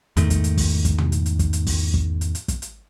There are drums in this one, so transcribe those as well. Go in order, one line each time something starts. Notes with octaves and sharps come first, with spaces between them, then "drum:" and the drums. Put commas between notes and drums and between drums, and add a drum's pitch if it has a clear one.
E2 G#2 D#3 A3, drum: hi-hat
drum: kick, hi-hat
drum: hi-hat
drum: kick, open hi-hat
drum: kick, hi-hat
drum: tom
drum: hi-hat
drum: hi-hat
drum: kick, hi-hat
drum: hi-hat
drum: kick, open hi-hat
drum: kick
drum: hi-hat
drum: hi-hat
drum: kick, hi-hat
drum: hi-hat